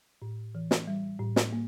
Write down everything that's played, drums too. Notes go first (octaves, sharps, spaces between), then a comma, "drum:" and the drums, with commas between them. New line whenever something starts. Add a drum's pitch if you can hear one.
A2
E3
drum: snare
G3
A2
drum: snare
A#3